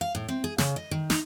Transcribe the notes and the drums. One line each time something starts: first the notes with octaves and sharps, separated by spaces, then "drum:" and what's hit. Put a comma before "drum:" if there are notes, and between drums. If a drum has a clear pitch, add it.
F5
A2
C4
G#4
C#3, drum: snare
D#5
D#3
D#4, drum: snare